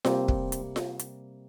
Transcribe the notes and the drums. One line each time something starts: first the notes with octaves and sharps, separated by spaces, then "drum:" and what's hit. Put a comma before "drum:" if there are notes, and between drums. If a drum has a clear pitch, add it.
C3 G3 A#3 C4, drum: snare F4
drum: kick
drum: hi-hat
drum: snare F4
drum: hi-hat